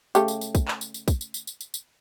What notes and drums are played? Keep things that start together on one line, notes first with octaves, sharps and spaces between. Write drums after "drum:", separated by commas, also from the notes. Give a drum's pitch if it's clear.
C#3 A3 G4, drum: tambourine
drum: tambourine
drum: tambourine
drum: kick, tambourine
drum: clap
drum: tambourine
drum: tambourine
drum: kick, tambourine
drum: tambourine
drum: tambourine
drum: tambourine
drum: tambourine
drum: tambourine